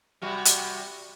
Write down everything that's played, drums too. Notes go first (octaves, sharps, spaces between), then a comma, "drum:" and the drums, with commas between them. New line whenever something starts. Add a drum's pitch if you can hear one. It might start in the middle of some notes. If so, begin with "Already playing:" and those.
C3 G3 F#4
drum: hi-hat